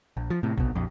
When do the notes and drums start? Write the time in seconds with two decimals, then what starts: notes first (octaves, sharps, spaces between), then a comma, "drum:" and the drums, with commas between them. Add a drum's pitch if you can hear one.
0.17 A#1
0.30 F3
0.43 A2 C3
0.58 C2 B2, drum: kick
0.75 A#1 F2